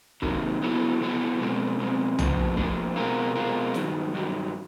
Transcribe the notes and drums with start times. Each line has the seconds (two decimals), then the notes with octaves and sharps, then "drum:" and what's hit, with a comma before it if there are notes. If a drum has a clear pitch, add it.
0.22 C3 D#3 F#3 A#3, drum: kick
0.62 D3 F#3 B3 E4 A4
1.01 D3 F#3 B3 E4 A4
1.40 B2 G#3 C4
1.79 B2 G#3 C4
2.19 A#2 F3 A3 D4, drum: tom
2.57 A#2 F3 A3 D4, drum: kick
2.96 B2 G#3 C4 F4 A#4
3.35 B2 G#3 C4 F4 A#4
3.74 G2 D#3 F#3, drum: snare
4.13 G2 D#3 F#3